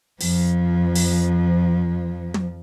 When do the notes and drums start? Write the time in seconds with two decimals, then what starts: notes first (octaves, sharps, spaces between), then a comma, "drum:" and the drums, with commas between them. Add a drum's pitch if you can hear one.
0.21 F2 F3, drum: open hi-hat
0.95 drum: open hi-hat
2.34 drum: tom